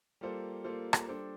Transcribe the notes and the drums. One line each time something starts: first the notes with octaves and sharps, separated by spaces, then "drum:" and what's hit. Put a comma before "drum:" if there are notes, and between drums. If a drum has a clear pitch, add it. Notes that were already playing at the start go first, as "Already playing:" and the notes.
G3 A#3 F4 A4 C5
G3 A#3 F4 A4 C5
drum: rim click
G3 D4 A4 C5